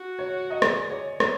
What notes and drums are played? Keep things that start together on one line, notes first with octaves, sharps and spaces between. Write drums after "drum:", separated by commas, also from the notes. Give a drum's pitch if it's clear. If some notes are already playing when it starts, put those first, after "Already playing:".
Already playing: F#4
C#5
D#5
G#4 D5, drum: rim click
C#5
C#5, drum: rim click